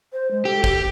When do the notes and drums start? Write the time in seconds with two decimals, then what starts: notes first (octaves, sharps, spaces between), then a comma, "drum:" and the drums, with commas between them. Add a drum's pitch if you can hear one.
0.12 C5
0.31 G#3
0.45 G4 A4
0.64 G4, drum: kick